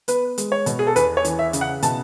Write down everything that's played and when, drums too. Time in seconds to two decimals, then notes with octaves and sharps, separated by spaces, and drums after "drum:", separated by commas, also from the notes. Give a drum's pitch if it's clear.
0.08 B3 B4, drum: hi-hat
0.38 G#3, drum: hi-hat
0.52 C#5
0.66 B2, drum: hi-hat
0.79 G#4
0.87 A4
0.96 E2 B4, drum: hi-hat
1.17 C#5
1.25 E3, drum: hi-hat
1.39 E5
1.53 C#3, drum: hi-hat
1.61 F#5
1.82 B2 A5, drum: hi-hat